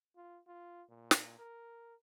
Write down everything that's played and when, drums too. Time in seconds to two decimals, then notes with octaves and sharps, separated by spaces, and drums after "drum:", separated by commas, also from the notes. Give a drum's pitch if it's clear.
0.16 F4
0.47 F4
0.89 A#2
1.11 drum: snare
1.39 A#4